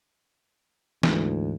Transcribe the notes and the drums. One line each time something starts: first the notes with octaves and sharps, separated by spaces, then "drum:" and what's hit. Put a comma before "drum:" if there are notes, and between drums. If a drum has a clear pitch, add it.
D2 G#2 E3, drum: snare